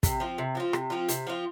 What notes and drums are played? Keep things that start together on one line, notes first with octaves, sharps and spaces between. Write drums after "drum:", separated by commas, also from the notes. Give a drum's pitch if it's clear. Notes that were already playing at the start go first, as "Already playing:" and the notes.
C3, drum: kick, hi-hat
F3 C4 F4
C3
F3 C4 F4
C3, drum: rim click
F3 C4 F4
C3, drum: hi-hat
F3 C4 F4